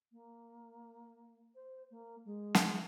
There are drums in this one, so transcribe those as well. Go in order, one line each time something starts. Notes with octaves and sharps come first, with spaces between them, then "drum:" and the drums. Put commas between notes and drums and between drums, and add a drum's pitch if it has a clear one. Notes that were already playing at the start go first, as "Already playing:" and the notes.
A#3
C5
A#3
G#3
drum: snare